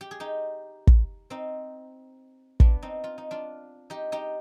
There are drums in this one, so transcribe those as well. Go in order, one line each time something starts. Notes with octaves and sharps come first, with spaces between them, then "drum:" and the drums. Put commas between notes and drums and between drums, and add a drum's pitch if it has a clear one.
G4
G#4
D#4 G4
drum: kick
C4 D#4
B3 D4, drum: kick
C4 D#4
F4
D#4
D4 F4
D#4 G4
D#4 G4